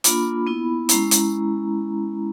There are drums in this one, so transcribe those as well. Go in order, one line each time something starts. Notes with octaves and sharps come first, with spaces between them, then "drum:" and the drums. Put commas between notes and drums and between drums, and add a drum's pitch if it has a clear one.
A#3 D4 F4 B5, drum: hi-hat
B3 E4
G#3 C#4 E4 A#5, drum: hi-hat
drum: hi-hat